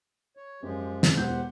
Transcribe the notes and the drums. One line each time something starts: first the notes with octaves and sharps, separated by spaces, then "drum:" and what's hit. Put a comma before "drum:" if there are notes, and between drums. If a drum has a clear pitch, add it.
C#5
F#2 F3 G#3 G4
drum: snare
E1 B3 G4 C5 F#5 G6